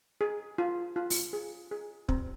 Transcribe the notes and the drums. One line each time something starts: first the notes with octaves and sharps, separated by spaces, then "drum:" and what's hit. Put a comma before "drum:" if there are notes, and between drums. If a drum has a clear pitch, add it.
G#4
F4
F4
drum: open hi-hat
G#4
G#4
C4, drum: kick